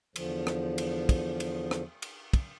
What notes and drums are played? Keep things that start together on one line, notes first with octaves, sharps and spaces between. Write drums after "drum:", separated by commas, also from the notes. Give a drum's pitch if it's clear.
E2 D3 F3, drum: cymbal
drum: rim click
drum: cymbal
drum: kick, cymbal
drum: cymbal
drum: rim click
drum: cymbal
drum: kick, cymbal